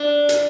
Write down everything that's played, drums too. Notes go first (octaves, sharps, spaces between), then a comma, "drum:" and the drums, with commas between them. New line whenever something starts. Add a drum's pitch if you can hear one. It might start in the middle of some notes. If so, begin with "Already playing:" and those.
Already playing: D4
drum: hi-hat